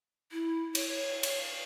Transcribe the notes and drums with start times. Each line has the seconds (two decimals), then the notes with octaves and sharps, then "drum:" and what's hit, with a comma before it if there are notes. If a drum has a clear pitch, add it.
0.32 E4
0.75 C#5, drum: cymbal
1.23 drum: cymbal